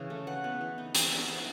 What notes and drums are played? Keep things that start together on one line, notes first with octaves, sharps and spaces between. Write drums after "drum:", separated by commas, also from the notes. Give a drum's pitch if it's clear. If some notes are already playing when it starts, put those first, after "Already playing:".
Already playing: C#3 E3
A3
E3 F#5
B3
E3
D#4
E3 E5, drum: hi-hat
B3
B3